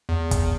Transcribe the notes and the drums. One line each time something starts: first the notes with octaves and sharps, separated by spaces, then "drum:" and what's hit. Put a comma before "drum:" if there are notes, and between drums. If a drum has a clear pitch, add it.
E2
drum: kick, hi-hat